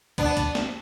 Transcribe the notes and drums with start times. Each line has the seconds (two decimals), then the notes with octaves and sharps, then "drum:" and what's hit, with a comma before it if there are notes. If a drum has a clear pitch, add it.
0.18 B3 D4, drum: kick, hi-hat
0.37 drum: kick, hi-hat
0.55 drum: snare